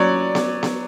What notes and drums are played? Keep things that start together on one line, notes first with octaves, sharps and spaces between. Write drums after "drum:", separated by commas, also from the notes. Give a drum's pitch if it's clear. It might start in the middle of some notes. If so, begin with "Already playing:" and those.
Already playing: F#3 C#5 D5
drum: snare B3
drum: snare B3